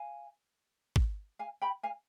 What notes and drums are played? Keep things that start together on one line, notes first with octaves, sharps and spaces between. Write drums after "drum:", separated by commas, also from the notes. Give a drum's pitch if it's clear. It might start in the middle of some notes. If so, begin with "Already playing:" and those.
Already playing: F5 G#5
drum: kick
F5 G#5
G5 B5
F5 G#5